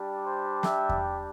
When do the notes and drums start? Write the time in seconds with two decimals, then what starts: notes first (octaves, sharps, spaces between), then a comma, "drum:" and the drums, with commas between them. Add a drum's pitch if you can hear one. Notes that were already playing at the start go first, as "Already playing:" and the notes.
Already playing: G3 D4 G4
0.24 C5
0.63 E5, drum: snare
0.89 drum: kick E2